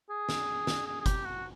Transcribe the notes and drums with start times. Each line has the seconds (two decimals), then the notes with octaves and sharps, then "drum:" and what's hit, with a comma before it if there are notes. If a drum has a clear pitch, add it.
0.10 G#4
0.29 drum: snare
0.67 drum: snare
0.86 G#4
1.00 G#4
1.06 G4, drum: kick F#1, hi-hat
1.25 F#4